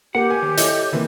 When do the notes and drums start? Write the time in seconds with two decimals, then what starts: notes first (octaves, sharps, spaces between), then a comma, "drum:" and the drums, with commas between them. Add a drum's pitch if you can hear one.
0.15 A#3 G4 F#5
0.30 G#5
0.42 D#2
0.57 E4 A4 C#5 D#5, drum: hi-hat
0.92 C3 E3 A#3